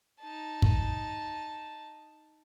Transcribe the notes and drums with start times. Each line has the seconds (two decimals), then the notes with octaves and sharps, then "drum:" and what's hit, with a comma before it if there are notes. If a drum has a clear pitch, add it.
0.20 D#4 A5
0.62 drum: kick